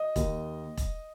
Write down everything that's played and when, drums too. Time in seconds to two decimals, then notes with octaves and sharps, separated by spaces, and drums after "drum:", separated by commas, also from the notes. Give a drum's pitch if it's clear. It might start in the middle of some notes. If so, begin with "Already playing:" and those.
Already playing: D#5
0.16 D#2, drum: kick E1, hi-hat
0.77 drum: kick E1, hi-hat